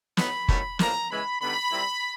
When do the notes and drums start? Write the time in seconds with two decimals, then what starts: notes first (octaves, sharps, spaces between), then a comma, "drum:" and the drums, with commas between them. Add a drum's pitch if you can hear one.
0.17 A2 F#3 B3 D#4 B5, drum: snare
0.49 G2 D#3 F#3 A3 C#4, drum: kick F#1
0.79 A2 F3 A#3 D4 A#5, drum: snare
1.10 C#3 E3 G#3 B5
1.41 D3 G3 B3 D#4 B5
1.72 A#2 G3 C4 E4